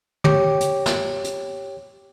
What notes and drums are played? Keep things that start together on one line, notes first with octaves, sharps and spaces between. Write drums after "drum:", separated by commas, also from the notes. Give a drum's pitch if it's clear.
G4 C#5 G5 D6, drum: tom
drum: hi-hat
drum: snare
drum: hi-hat